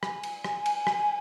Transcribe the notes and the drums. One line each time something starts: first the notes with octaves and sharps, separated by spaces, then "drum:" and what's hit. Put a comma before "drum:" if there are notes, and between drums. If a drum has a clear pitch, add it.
G#5, drum: rim click
drum: cymbal
drum: rim click
drum: cymbal
drum: rim click